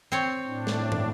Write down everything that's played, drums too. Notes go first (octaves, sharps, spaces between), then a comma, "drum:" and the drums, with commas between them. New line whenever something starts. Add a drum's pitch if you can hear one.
C4 C#5
A2 D4
drum: snare
drum: tom